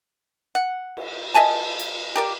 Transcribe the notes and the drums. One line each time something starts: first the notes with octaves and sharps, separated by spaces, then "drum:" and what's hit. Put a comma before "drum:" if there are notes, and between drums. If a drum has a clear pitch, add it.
F#5
drum: cymbal
D#5 E5 G#5 A5, drum: cymbal
drum: hi-hat
G4 A#4 D5